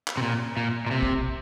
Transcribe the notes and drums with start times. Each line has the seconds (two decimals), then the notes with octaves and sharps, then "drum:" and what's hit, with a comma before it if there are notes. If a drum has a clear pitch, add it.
0.08 drum: clap
0.17 C3
0.22 A#2
0.57 A#2
0.87 A#2
0.91 C3
1.03 drum: kick